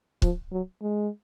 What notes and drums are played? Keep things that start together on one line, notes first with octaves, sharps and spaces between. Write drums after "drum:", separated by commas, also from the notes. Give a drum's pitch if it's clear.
F3, drum: kick C#1
F#3
G#3